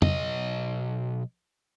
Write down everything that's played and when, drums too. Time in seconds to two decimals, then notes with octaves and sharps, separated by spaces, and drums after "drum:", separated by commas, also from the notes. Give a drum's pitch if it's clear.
0.02 B1 D#5, drum: tom